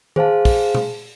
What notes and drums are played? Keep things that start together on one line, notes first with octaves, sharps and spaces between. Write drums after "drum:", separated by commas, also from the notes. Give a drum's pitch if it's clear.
G#4 C5 F5 A5, drum: tom
drum: kick, open hi-hat
drum: tom B2